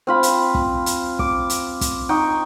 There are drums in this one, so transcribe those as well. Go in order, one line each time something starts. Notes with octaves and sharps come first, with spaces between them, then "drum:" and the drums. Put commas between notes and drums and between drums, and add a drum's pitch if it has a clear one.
C4 F4 B5
drum: hi-hat
drum: kick
drum: hi-hat
D6, drum: kick
drum: hi-hat
drum: kick, hi-hat
D#4 G5 C#6